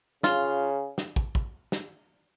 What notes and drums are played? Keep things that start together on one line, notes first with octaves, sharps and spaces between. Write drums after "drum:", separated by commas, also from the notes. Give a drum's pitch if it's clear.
C#3 F4, drum: snare
drum: snare
drum: kick
drum: kick
drum: snare